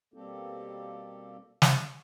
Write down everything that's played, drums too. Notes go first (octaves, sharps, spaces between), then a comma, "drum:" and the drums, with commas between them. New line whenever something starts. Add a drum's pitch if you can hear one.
B2 G3 A#3 C4 G4 A4
drum: snare